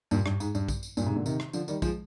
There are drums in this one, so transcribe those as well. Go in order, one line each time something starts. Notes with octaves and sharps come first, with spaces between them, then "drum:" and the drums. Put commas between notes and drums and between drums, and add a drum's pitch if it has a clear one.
G2 A#2, drum: tambourine
G2, drum: rim click
G#2, drum: tambourine
G2, drum: tambourine
drum: kick A#1, tambourine
drum: tambourine
G2 A#2, drum: tambourine
G#2 C3
A#2 D3
C3 D#3, drum: tambourine
drum: rim click
D3 F3, drum: tambourine
D#3 G3, drum: tambourine
F3 G#3, drum: kick A#1, tambourine